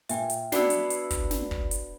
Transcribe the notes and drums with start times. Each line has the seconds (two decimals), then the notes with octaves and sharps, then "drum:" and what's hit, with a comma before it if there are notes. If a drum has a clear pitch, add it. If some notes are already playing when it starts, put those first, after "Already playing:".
0.09 A#2 E5 G5 G#5, drum: hi-hat
0.30 drum: hi-hat
0.52 B3 D4 E4 F#4 D5 E6 C7, drum: snare
0.70 drum: hi-hat
0.90 drum: hi-hat
1.10 drum: kick, hi-hat
1.31 drum: snare
1.51 drum: kick
1.71 drum: hi-hat